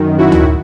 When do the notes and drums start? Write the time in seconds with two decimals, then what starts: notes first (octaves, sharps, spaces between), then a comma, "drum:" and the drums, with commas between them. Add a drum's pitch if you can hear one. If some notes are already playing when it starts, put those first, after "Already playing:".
Already playing: F#2 D#3
0.18 E4 F#4
0.32 drum: tom D2